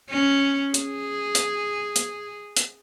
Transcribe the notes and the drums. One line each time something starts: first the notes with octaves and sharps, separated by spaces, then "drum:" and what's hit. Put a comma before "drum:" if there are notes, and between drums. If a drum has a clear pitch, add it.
C#4
G#4, drum: hi-hat
drum: hi-hat
drum: hi-hat
drum: hi-hat